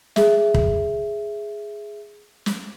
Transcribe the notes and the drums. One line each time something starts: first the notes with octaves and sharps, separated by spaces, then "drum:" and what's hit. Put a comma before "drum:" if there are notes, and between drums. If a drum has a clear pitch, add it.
G#4 E5, drum: snare
drum: kick
drum: snare